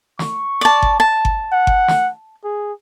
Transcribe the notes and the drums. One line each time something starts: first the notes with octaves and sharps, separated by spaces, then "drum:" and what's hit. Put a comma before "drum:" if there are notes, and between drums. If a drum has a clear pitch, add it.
C#6, drum: snare
D5 A5
drum: kick G1
A5
drum: kick G1
F#5
drum: kick G1
drum: snare
G#4